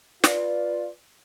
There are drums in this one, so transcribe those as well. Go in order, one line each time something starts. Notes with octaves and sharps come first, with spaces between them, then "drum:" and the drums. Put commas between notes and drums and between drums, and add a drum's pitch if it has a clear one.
F4 B4 D5, drum: snare